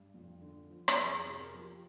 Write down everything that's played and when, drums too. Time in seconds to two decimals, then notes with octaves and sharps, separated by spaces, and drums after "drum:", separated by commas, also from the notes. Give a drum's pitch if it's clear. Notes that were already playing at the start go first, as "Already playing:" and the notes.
Already playing: G2
0.14 F2
0.41 D3
0.70 F3
0.88 drum: rim click
0.97 F2 G#4
1.19 G#4
1.26 C3
1.40 A#4
1.54 F3
1.61 G4